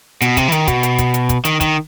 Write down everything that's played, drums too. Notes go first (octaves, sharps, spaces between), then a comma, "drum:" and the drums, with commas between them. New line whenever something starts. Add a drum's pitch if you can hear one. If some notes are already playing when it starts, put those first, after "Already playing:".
B2, drum: hi-hat
C3, drum: kick, hi-hat
E3
D#3, drum: hi-hat
B2, drum: kick, hi-hat
drum: hi-hat
drum: kick, hi-hat
drum: hi-hat
drum: kick, hi-hat
D#3, drum: hi-hat
D#3, drum: kick, hi-hat